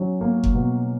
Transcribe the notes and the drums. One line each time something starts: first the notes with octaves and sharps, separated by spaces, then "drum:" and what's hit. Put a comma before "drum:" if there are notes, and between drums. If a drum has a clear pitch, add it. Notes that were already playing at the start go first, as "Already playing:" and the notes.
Already playing: F#3 C#4
A#3
drum: kick F#1
B2